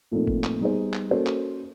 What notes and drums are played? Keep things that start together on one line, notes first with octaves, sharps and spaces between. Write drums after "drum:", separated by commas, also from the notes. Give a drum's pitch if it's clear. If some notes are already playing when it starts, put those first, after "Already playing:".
A#2 F3 A3 C4 D#4
drum: kick G1
drum: clap
G3 B3 D#4 G#4 C5
drum: clap
A#3 C#4 F#4 A4 C5
drum: clap